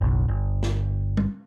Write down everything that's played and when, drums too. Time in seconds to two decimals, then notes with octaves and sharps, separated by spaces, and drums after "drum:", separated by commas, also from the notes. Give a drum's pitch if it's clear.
0.01 F#1 B1
0.28 G1
0.63 drum: snare
1.17 drum: tom G3